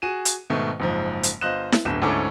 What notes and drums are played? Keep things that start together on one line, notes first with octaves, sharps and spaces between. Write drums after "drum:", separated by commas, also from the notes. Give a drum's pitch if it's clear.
F#4 G#4 D#7 E7
drum: hi-hat
G#2 B2 D#3 A3
F#1 G#2 F3
drum: hi-hat
G1 F4 C5 D#5 F#6 E7
drum: snare E4
D1 G1 D3 E7
D2 G#2 C#4 E4 A4 D6